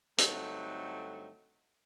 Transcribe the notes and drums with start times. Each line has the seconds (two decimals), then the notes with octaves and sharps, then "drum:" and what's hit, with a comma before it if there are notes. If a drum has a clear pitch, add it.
0.18 G2 D3 F#3 A3 C4 D#4, drum: hi-hat